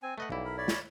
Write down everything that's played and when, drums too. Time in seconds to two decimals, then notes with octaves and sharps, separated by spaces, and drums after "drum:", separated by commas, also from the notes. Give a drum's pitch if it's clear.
0.02 C4 G#5
0.18 A3 B4 D#5 F#5
0.30 B1 G3 A#3 E4
0.45 A#4 B5
0.58 C#5 D5 B5
0.68 drum: snare